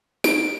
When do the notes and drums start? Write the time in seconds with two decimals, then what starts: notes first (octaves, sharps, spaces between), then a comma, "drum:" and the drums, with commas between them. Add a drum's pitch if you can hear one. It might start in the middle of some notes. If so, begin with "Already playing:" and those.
0.24 D7, drum: snare